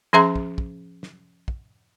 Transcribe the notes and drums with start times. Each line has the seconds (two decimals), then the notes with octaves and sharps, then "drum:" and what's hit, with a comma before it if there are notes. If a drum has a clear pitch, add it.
0.13 F3 C#4 G#4 E5 A#5 C6
0.36 drum: kick
0.58 drum: kick
1.03 drum: snare
1.48 drum: kick